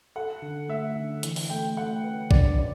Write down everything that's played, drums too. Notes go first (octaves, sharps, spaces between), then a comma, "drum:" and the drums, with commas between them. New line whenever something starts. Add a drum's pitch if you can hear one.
A4 F#5
D3
A3 E5
D3
E3, drum: hi-hat
drum: open hi-hat
A3 G5
A3 F#5
B4
D4 D5, drum: kick A#1
C#3 D5